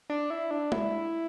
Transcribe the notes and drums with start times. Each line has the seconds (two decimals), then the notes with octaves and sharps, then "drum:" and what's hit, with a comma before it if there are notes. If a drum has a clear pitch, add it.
0.10 D4
0.30 E4
0.51 D4
0.72 E4, drum: tom